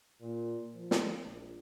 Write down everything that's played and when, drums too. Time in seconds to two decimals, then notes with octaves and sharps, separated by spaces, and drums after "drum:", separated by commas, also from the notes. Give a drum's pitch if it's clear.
0.21 A#2
0.75 F3
0.91 drum: snare
1.23 A#1